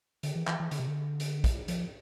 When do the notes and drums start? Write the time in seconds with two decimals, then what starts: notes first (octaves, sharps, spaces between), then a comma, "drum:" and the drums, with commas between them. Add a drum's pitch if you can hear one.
0.23 D3, drum: hi-hat
0.35 E3
0.47 E3, drum: clap
0.60 E3
0.71 D3, drum: hi-hat
0.80 C3
0.88 D3
1.20 drum: hi-hat
1.44 drum: kick, hi-hat
1.68 F3, drum: hi-hat